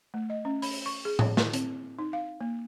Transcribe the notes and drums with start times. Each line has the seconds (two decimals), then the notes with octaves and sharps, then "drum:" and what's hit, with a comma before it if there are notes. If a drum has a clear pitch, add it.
0.14 A3
0.30 D#5
0.45 C#4
0.62 B5, drum: open hi-hat
0.86 C#6
1.05 G#4
1.19 C#5, drum: tom A2
1.37 E4, drum: snare
1.53 C4, drum: hi-hat
1.99 D#4
2.13 F5
2.41 A#3